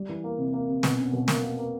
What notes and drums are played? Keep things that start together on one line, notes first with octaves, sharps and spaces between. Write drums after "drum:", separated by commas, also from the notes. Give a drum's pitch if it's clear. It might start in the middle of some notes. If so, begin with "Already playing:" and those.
Already playing: G3
E3
A#3
C3
A#3
C3
B2, drum: snare
C#4
B2
A#3, drum: snare
A#3
A#3